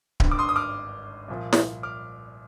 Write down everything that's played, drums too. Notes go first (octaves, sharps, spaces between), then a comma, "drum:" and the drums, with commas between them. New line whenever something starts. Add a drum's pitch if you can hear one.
G#1 G2 D3, drum: kick D1
D6
C6 D#6
D#6
D6 F6
C2 A#2 F3
drum: snare
D6 F6